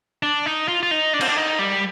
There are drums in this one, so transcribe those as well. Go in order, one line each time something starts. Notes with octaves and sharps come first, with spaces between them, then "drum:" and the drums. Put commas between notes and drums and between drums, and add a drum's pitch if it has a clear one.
D4
D#4
F4
F4
D#4
D4
C4, drum: cymbal
D4
D#4
G3